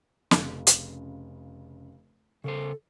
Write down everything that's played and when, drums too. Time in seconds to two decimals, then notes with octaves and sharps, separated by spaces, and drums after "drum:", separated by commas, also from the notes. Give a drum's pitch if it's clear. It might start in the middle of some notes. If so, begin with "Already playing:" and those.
0.31 F1 C#3, drum: snare
0.67 drum: hi-hat
2.44 C#3 A4 A#4 C5